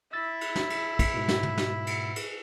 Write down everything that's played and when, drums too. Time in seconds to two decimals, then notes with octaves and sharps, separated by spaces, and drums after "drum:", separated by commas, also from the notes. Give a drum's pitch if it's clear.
0.13 E4 E6 A6
0.41 drum: cymbal
0.56 drum: snare
0.70 drum: cymbal
0.99 drum: kick, cymbal
1.14 G#2 B2
1.28 drum: snare
1.43 drum: tom
1.58 drum: snare
1.87 drum: cymbal
2.16 drum: cymbal